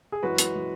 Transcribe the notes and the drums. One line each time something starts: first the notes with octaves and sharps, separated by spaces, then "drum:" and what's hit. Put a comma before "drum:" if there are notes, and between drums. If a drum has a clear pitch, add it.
G#4
F#2 E3 G#3 F#4 B4
drum: hi-hat
E3 G#3